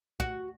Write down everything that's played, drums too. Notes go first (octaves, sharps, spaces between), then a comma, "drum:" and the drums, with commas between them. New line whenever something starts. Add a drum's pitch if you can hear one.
F#4, drum: kick